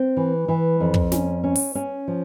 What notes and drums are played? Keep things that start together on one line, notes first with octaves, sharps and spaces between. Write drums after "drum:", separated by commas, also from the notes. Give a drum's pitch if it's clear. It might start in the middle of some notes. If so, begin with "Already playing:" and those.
Already playing: C4
E3
E3
F2
drum: kick
C#4, drum: snare
C#4
drum: open hi-hat
C#4
F3